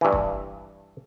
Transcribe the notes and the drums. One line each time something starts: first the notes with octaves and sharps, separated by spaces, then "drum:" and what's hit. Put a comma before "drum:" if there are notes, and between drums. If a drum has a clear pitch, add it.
G2 E3
drum: kick